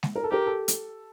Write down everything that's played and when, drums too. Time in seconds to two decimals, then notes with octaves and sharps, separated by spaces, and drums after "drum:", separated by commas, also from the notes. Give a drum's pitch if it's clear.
0.03 drum: snare G#3
0.16 A#4
0.24 A4
0.31 G4 A#4
0.46 A4
0.68 drum: hi-hat